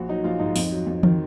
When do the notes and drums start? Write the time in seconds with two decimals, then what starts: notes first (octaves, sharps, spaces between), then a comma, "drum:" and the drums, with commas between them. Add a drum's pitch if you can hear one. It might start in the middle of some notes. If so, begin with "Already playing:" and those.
Already playing: A#1 F#4
0.09 F#3 D#4
0.24 A#1 F4
0.39 G#2 D#4
0.56 F2, drum: open hi-hat
0.71 F#3
0.87 F2
1.03 D#3, drum: tom E3